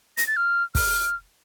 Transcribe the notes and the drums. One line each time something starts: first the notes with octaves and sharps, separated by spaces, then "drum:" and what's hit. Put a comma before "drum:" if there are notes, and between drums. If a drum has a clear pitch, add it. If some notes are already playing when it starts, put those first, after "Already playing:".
A#6, drum: hi-hat
A6
F6
F6, drum: kick, open hi-hat